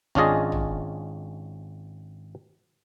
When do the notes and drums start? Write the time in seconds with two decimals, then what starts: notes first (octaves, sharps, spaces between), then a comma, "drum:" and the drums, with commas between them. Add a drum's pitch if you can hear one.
0.15 G#1 C#4 D4 F4 G#4 D#5, drum: kick
0.52 drum: tom